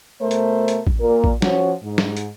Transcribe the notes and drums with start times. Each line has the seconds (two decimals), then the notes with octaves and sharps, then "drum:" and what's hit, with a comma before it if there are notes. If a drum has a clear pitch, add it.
0.21 B2 A3 A#4 C5
0.31 drum: hi-hat
0.68 drum: hi-hat
0.87 drum: kick A1
1.00 A#2 A#4
1.24 drum: kick A1
1.42 F3 C#4 F#4 C#5, drum: snare
1.83 G#2
1.98 drum: snare
2.17 drum: hi-hat